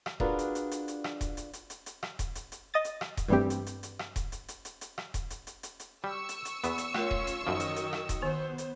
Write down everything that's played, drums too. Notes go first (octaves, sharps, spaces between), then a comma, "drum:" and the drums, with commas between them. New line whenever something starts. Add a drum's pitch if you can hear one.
drum: rim click
D4 F4 F#4 G#4 A#4 B4, drum: kick D#1
drum: hi-hat
drum: hi-hat
drum: hi-hat
drum: hi-hat
drum: rim click
drum: kick D#1, hi-hat
drum: hi-hat
drum: hi-hat
drum: hi-hat
drum: hi-hat
drum: rim click
drum: kick D#1, hi-hat
drum: hi-hat
drum: hi-hat
D#5 D#6 A6
drum: hi-hat
drum: rim click
drum: kick D#1, hi-hat
G2 E3 G3 A3 C4 G4
drum: hi-hat
drum: hi-hat
drum: hi-hat
drum: rim click
drum: kick D#1, hi-hat
drum: hi-hat
drum: hi-hat
drum: hi-hat
drum: hi-hat
drum: rim click
drum: kick D#1, hi-hat
drum: hi-hat
drum: hi-hat
drum: hi-hat
drum: hi-hat
G3 C#6 E6
drum: hi-hat
drum: hi-hat
E2 B3, drum: hi-hat
drum: hi-hat
A3 C#4 F4 A#4 C#5, drum: rim click
drum: kick D#1
drum: hi-hat
F#2 D#3 F3 F#3 D#5
drum: hi-hat
drum: hi-hat
drum: rim click
drum: kick D#1, hi-hat
D#3 B3 C5 G#5
drum: hi-hat